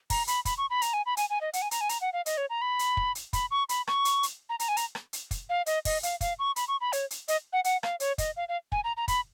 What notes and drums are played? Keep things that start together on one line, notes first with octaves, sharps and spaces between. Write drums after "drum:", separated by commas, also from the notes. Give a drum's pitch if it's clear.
A#5, drum: kick, open hi-hat
B5, drum: hi-hat
B5, drum: kick, hi-hat
C#6
B5
A#5, drum: hi-hat
G#5
B5
G#5, drum: hi-hat
G#5
D#5
F#5, drum: hi-hat
G#5
A#5, drum: hi-hat
G#5
A#5, drum: hi-hat
F#5
F5
D#5, drum: hi-hat
C#5
A#5
B5
drum: hi-hat
drum: kick
drum: hi-hat
B5, drum: kick, hi-hat
C#6
B5, drum: hi-hat
C#6, drum: rim click
drum: hi-hat
drum: hi-hat
A#5
A#5, drum: hi-hat
G#5
A#5, drum: hi-hat
drum: rim click
drum: hi-hat
drum: kick, hi-hat
F5
D#5, drum: hi-hat
D#5, drum: kick, open hi-hat
F5, drum: hi-hat
F5, drum: kick, hi-hat
C#6
B5, drum: hi-hat
C#6
B5
C#5, drum: hi-hat
drum: hi-hat
D#5, drum: hi-hat
F#5
F#5, drum: hi-hat
F5, drum: rim click
C#5, drum: hi-hat
D#5, drum: kick, hi-hat
F5
F5
G#5, drum: kick
A#5
A#5
B5, drum: kick, hi-hat